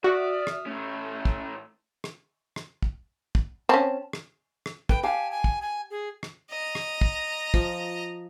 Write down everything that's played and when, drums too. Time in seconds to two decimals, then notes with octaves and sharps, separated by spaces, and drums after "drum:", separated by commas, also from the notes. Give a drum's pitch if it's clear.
0.04 F#4 D5 E5 D#6 F6
0.47 drum: rim click
0.67 A2 A3 C#4
1.25 drum: kick
2.04 drum: rim click
2.56 drum: rim click
2.83 drum: kick
3.35 drum: kick
3.69 C4 C#4 A5
4.13 drum: rim click
4.66 drum: rim click
4.89 B4 G5, drum: kick
5.03 G4 F5 G#5 A5
5.31 G#5
5.44 drum: kick
5.62 G#5
5.91 G#4
6.23 drum: rim click
6.51 D#5 A#5
6.75 drum: rim click
7.01 drum: kick
7.54 F3, drum: kick